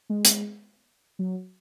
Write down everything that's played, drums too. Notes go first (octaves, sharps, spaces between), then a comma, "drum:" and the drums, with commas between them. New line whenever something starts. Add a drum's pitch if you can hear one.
G#3
drum: hi-hat
F#3